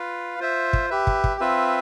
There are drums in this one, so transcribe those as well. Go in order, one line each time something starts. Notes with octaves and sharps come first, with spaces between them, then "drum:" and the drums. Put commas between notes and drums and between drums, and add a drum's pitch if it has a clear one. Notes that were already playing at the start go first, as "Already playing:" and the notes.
Already playing: F4 B4 F5
F4 C5 E5
drum: kick
G4 B4 E5
drum: kick
drum: kick
C4 F4 B4 E5